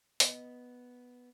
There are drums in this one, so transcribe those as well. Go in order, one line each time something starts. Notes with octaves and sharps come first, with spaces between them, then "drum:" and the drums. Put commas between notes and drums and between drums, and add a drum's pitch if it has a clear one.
B3 D#5, drum: open hi-hat